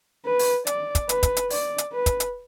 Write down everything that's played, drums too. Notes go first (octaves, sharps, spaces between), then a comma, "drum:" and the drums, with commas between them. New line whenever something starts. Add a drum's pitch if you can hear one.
B4
drum: open hi-hat
D5, drum: hi-hat
drum: kick, hi-hat
B4, drum: hi-hat
drum: kick, hi-hat
drum: hi-hat
D5, drum: open hi-hat
drum: hi-hat
B4
drum: kick, hi-hat
drum: hi-hat